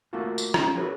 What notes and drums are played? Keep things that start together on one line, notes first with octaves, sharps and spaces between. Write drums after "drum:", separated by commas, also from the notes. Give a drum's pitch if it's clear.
A3 A#3 F4 F#4 A4
drum: tambourine
F3 C#4, drum: rim click
F#4 G#4 A#4 B4 C#5